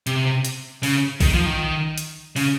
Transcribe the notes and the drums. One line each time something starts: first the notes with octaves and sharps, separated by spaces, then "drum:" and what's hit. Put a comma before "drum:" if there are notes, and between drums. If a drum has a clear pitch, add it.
C3, drum: hi-hat
drum: hi-hat
C#3, drum: open hi-hat
D#3, drum: kick A#1, open hi-hat
F3
D#3
drum: hi-hat
C#3, drum: open hi-hat